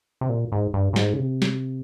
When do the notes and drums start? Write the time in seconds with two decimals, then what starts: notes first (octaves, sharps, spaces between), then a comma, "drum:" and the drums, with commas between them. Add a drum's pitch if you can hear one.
0.21 C3
0.29 A#2
0.52 G#2
0.74 G2
0.93 A#2
0.96 G#2, drum: snare
1.14 C#3
1.19 C3
1.42 drum: snare